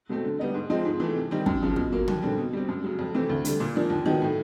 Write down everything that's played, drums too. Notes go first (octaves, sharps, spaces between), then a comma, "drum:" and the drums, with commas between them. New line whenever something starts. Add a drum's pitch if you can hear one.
B2 F#3 A3 C4
D3
G3 B3 D#4
G#2
F3 G#3 C4
G#2
E3 A3
C3
D#3 G3 C4
F#2, drum: kick
C#3 F3
B2, drum: kick
F#3 A#3
D#2, drum: tom
D3 G3 C4
B2
G3 C4
F#2
C#3 F#3
F2
C3 E3 A3 C4
D2
D3 G3, drum: hi-hat
A#2
F3 A#3 D4
D#2
D#3 F#3 B3
A2